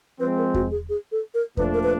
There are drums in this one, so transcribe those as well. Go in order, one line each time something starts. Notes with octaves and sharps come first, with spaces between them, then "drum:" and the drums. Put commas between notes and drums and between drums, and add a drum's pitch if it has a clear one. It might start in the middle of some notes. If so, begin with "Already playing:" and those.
F3 G#3 C4 B4
A#4
F#4, drum: kick E2
G#4
G#4
A4
A#4
A#2 F3 A3 D4 B4, drum: kick E2
A#4
B4